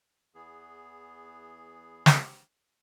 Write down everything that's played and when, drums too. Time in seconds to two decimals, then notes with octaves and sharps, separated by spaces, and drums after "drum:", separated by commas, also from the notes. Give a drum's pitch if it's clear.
0.35 E2 E3 B3 G#4
2.06 drum: snare